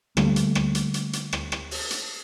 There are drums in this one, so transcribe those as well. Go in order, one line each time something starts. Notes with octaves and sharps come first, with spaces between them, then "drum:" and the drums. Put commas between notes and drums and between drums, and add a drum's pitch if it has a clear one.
D3 G3 A3 A#3, drum: rim click
drum: hi-hat
drum: rim click
drum: hi-hat
drum: hi-hat
drum: hi-hat
drum: rim click
drum: rim click
drum: open hi-hat
drum: hi-hat